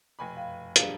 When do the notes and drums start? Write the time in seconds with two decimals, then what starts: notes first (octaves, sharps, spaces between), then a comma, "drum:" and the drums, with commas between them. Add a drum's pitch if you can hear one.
0.19 F1 B2 G5 G#5 B5
0.35 F#2 F5 G5
0.76 E1 F3 G3 D4 G#4 F5, drum: hi-hat